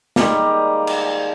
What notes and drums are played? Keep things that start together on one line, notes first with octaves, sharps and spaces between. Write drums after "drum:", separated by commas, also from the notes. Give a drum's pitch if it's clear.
D#3 G3 G#3 A#3, drum: snare
drum: cymbal